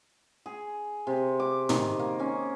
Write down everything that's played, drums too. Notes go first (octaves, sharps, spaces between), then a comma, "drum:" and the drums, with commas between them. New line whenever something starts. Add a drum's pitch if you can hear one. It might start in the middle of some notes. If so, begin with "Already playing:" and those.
G#4
C3
D6
D#3, drum: tom
A#3
C#4